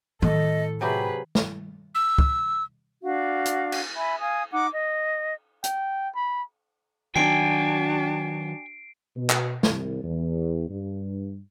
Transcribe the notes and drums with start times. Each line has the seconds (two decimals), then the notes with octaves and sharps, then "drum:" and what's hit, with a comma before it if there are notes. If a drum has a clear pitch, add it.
0.22 A2 A4 D#5, drum: tom D#3
0.81 C3 F#3 G4 G#4 B4 B5
1.35 drum: snare
1.95 E6
2.18 drum: kick
3.02 D4 F#4 F5
3.45 drum: hi-hat
3.72 drum: cymbal
3.95 E5 G#5 B5
4.19 F5 G#5 D#6
4.52 D#4 F#5 D6
4.75 D#5
5.64 G5, drum: hi-hat
6.15 B5
7.16 D#3 F#3 D4 F#4 G5 G#5 C7 D7
9.16 B2
9.30 drum: clap
9.63 C2, drum: snare
10.03 E2
10.69 G2